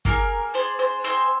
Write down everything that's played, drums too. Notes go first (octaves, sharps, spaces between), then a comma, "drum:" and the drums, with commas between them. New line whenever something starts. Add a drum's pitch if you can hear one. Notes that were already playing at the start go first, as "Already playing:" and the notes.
A#3 F4 G#4 A#4, drum: kick
D4 G#4 C5
C5
C4 F4 G#4 C5